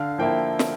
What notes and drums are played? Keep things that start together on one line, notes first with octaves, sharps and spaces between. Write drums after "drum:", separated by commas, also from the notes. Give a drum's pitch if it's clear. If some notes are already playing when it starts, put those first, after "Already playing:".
Already playing: D3 F5
F3 A#3 E4 G5
drum: snare